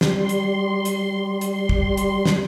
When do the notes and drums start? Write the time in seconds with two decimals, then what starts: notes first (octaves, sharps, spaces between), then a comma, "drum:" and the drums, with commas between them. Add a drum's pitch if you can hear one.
0.01 G3 C6, drum: snare
0.29 drum: hi-hat
0.85 drum: hi-hat
1.41 drum: hi-hat
1.69 drum: kick
1.97 drum: hi-hat
2.25 drum: snare